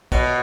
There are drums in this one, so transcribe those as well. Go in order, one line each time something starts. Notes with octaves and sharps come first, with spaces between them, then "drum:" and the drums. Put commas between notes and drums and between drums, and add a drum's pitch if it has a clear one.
B2, drum: kick, cymbal